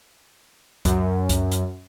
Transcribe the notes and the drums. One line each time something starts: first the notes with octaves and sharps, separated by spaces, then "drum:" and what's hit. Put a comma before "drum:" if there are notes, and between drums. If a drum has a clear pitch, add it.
F#2, drum: kick C#2, hi-hat
drum: kick C#2, hi-hat
drum: hi-hat